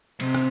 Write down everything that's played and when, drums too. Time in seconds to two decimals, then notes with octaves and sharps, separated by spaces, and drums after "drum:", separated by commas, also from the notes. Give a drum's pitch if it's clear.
0.20 C3, drum: cymbal
0.35 drum: rim click